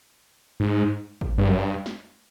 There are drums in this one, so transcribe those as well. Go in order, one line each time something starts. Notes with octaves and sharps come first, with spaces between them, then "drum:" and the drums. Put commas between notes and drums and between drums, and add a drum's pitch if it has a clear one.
G#2
drum: kick
G2
F#2
G2
drum: snare